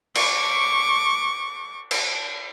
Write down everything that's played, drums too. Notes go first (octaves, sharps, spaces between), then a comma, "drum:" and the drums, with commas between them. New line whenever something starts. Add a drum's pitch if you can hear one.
C#6 D6, drum: cymbal
drum: cymbal